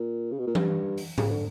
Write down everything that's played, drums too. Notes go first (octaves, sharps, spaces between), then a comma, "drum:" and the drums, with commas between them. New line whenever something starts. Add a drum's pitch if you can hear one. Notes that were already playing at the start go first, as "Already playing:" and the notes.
Already playing: A#2
C#3
B2
A#2
G2, drum: tom E3
drum: open hi-hat
C#3, drum: tom G#2
D3